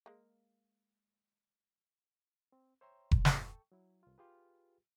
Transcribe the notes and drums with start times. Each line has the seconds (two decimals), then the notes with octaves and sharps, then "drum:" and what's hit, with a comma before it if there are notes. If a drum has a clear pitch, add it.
0.06 G#3 A#3
2.52 C4
2.81 C5 C#5 E5 G5 A#5 C6
3.11 drum: kick F1
3.25 drum: snare
3.45 A4 G5 C#6
3.72 F#3 E4
4.03 C2 F4
4.18 F4 G4 G#4 B4